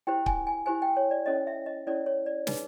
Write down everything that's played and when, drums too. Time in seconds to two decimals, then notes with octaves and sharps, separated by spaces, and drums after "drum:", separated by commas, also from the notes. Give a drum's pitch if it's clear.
0.07 E4 G4 C5 G5
0.26 G#5, drum: kick C#1
0.47 G#5
0.66 E4 G4 C5 G#5
0.82 G5
0.97 C#5
1.11 D5
1.26 C#4 E4 A4 C#5 D#5
1.47 E5
1.66 D#5
1.87 C#4 E4 A4 C#5 D5
2.06 C#5
2.26 D5
2.47 D#4 G#4 B4, drum: snare